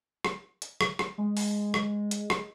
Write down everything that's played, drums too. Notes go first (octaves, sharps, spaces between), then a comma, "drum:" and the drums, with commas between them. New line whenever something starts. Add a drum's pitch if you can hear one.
drum: rim click
drum: hi-hat
drum: rim click
drum: rim click
G#3
drum: open hi-hat
drum: rim click
drum: hi-hat
drum: rim click